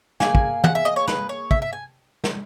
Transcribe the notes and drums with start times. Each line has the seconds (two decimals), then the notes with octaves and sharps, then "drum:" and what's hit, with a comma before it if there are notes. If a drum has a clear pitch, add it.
0.20 A#3 E4 G#4 G#5, drum: snare
0.35 drum: kick
0.64 F#5, drum: tom
0.75 E5
0.85 D#5
0.96 C#5
1.08 B4, drum: snare
1.29 C#5
1.51 E5, drum: kick
1.62 E5
1.73 G#5
2.24 drum: snare